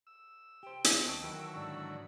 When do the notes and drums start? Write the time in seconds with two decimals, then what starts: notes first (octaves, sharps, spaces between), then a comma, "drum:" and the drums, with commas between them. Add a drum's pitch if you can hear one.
0.07 E6
0.63 G4 C5 G5
0.84 drum: hi-hat
1.06 D#2 D#5 A5 C#6 D#6 E6
1.23 D#3 E3 F#3 A#4 B4
1.55 G#2 D3 D5